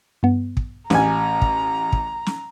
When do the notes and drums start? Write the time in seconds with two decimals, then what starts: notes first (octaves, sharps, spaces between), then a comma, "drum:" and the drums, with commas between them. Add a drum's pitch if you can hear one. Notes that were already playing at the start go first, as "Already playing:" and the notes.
0.23 G2 B3
0.57 drum: kick
0.90 A1 G#5 A#5, drum: snare
1.42 drum: kick
1.93 drum: kick
2.26 drum: snare